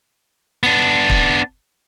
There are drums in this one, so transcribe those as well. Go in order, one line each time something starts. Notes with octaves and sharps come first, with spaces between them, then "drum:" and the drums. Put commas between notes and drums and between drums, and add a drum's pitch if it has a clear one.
B3 D4
drum: kick